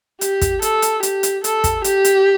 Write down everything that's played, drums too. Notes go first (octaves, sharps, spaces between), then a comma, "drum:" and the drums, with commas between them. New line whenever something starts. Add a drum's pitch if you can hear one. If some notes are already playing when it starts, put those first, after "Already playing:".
G4, drum: hi-hat
drum: kick, hi-hat
A4, drum: hi-hat
drum: hi-hat
G4, drum: hi-hat
drum: hi-hat
A4, drum: hi-hat
drum: kick, hi-hat
G4, drum: hi-hat
drum: hi-hat